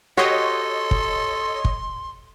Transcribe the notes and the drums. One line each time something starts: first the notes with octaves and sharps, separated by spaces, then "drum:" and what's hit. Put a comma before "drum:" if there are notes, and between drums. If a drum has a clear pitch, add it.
F#4 G4 A4 C5 C#5 D#5 C6
drum: kick
drum: kick